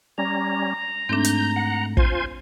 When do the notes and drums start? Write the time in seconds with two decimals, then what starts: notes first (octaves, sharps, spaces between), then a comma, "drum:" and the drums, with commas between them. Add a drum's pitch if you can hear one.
0.18 G3 C#4 A#5
1.09 G#2 A3 C4 D4 G6
1.24 drum: hi-hat
1.56 F#5
1.97 F4 C5 G#5, drum: kick